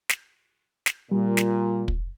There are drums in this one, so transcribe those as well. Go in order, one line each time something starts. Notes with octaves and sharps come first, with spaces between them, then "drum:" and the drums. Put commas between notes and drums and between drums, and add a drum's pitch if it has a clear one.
drum: snare
drum: snare
A#2 G3
drum: snare
drum: kick